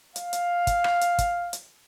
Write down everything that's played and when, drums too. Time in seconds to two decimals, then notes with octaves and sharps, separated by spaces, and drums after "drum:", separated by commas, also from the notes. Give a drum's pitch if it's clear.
0.16 F5, drum: hi-hat
0.33 drum: hi-hat
0.67 drum: kick, hi-hat
0.84 drum: rim click
1.01 drum: hi-hat
1.19 drum: kick, hi-hat
1.53 drum: hi-hat